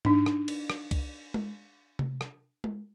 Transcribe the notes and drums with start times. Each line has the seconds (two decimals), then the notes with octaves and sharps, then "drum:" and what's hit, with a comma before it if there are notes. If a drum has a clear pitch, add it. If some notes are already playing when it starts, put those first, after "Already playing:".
0.05 D4 D#4, drum: tom G#2
0.26 drum: rim click
0.48 drum: cymbal
0.70 drum: rim click
0.91 drum: kick, cymbal
1.34 drum: tom G#3
1.99 drum: tom C3
2.21 drum: rim click
2.64 drum: tom G#3